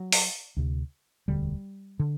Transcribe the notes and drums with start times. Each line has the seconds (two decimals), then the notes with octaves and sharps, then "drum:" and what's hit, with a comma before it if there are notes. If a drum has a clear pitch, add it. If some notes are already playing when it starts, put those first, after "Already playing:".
Already playing: F#3
0.12 drum: open hi-hat
0.57 D2 C3
1.28 E1 D2 D3 G3
2.00 D3